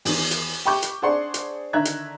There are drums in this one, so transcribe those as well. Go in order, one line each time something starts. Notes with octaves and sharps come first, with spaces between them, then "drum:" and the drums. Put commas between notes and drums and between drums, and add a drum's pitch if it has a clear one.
E2 D#3, drum: open hi-hat
drum: hi-hat
G4 G5 B5 C#6 D6 G6
drum: hi-hat
D4 G#4 C5 F#5 C6 C#6
drum: hi-hat
D3 D#3 E5 A#5 F#6 G#6
drum: hi-hat